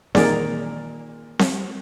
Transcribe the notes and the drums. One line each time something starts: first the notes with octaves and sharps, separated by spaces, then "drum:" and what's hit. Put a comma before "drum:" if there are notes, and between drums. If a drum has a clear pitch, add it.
A#2 D#3 E3 A#3 D#4 G#4 A#4 D5, drum: snare C4
drum: snare C4